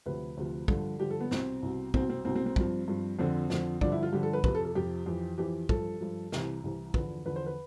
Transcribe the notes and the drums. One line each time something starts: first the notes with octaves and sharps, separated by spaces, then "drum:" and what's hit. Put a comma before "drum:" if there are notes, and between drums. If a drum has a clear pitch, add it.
D2 C3 F3 B4
D2 C3 F3
G2 D3 F3 A4, drum: kick
G2 D3 F3 G4
A4
B3
C2 B2 C4, drum: snare
C2 B2
C2 B2 C4, drum: kick
C4
C2 B2 C4
C4
C4
G2 F3, drum: kick
G2 F3
F2 D3 F3 C4
F2 D3 F3, drum: snare
G2 D3 F3 D4, drum: kick
E4
F4
G2 D3 F3 G4
A4
B4
F2 C3 F3 B4, drum: kick
A4
A4
F2 C3 F3 G4
F2 E3
F2 E3 G4
G2 F3 A4, drum: kick
G2 F3
C2 C3 E3, drum: snare
C2 C3 E3
E2 D3 F3 B4, drum: kick
E2 D3 F3 B4
C5
B4